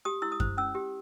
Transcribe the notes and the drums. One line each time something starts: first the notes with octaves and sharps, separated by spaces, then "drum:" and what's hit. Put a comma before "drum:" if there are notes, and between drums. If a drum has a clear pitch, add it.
G4 D#6
E4 E6
D#6
C5, drum: kick F#2
C#4 E6
G4